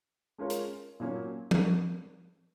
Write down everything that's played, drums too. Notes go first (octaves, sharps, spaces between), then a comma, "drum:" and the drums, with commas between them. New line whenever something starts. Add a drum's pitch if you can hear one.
G#3 C#4 F4 A#4 C#5
drum: hi-hat
A#2 F#3 A#3 C#4
drum: tom